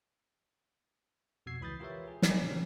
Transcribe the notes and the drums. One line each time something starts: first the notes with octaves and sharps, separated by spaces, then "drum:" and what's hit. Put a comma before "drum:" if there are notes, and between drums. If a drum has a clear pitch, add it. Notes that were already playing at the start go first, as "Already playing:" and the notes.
F2 B2 F#4 E6 G#6 C7
C#2 E3 B5 D#6 G6 A6
F4 G4 A#4 B4 C#5 E5
G#4
A#4 D#5 G5 G#5 B5, drum: snare
A#2 C#3 F#3 G3 C#4 D4